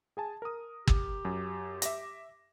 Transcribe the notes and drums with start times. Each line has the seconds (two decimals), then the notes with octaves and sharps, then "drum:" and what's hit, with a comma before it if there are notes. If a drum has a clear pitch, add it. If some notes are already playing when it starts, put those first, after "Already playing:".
0.17 G#4 G#5 A5
0.42 A#4 D#6
0.87 G4, drum: kick
1.25 F#2
1.82 E5 D6 A#6, drum: hi-hat